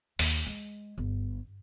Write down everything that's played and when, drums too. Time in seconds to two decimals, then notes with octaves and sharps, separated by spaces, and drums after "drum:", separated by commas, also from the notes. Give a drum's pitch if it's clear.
0.19 D#2, drum: open hi-hat
0.46 G#3
0.98 G1